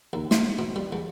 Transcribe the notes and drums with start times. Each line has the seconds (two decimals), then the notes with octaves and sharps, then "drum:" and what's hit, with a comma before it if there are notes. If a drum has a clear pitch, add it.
0.13 D#2
0.31 C6, drum: snare
0.59 B2
0.76 G3
0.93 E2